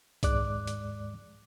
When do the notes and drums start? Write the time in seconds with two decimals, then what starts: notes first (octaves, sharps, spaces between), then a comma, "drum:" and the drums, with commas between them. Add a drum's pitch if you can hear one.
0.23 D#2 G#2 G#3 D5 D6 F#6, drum: kick B1, hi-hat
0.67 drum: hi-hat